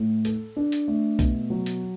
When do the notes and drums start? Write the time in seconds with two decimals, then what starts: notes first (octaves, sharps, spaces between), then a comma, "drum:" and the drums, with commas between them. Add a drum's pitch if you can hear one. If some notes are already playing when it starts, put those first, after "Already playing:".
Already playing: A2
0.25 A4, drum: hi-hat
0.57 D4
0.72 drum: hi-hat
0.88 A3
1.19 B2, drum: kick B1, hi-hat
1.50 F#3
1.66 drum: hi-hat